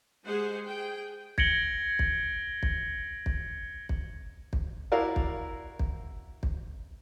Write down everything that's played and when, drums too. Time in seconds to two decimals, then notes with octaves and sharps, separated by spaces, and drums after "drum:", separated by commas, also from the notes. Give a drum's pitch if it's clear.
0.25 G#3 G4 G#4 C5 F#5
0.65 G#4 G5
1.38 G#6 A#6 C#7 D7 F#7 G7, drum: kick
1.99 drum: kick
2.63 drum: kick
3.26 drum: kick
3.89 drum: kick
4.53 drum: kick
4.92 E4 F#4 A#4 D5 F5
5.16 drum: kick
5.79 drum: kick
6.43 drum: kick